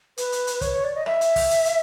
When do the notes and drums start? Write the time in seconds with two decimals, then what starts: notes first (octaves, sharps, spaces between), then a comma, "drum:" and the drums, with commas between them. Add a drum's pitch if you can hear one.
0.17 B4, drum: hi-hat
0.32 drum: hi-hat
0.47 drum: hi-hat
0.61 C#5, drum: kick, hi-hat
0.73 C#5
0.84 D5
0.95 D#5
1.06 E5, drum: rim click
1.21 drum: hi-hat
1.36 drum: kick, open hi-hat
1.51 drum: hi-hat
1.65 drum: hi-hat